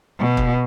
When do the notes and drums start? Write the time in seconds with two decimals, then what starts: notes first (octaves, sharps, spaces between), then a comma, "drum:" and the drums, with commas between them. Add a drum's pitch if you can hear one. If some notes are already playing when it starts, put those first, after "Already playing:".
0.20 B2
0.37 drum: kick